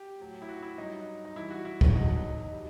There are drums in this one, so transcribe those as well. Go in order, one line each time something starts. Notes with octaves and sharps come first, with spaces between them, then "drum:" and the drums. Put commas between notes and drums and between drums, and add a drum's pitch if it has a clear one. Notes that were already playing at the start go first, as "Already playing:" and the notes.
Already playing: G4
A2 F#3
E4
F#4
E4
G2 F#3 D#4
D#4
G2 E3 G3 E4
F#4
E4
drum: kick
E2 B2 F#3 D#4
B2 G3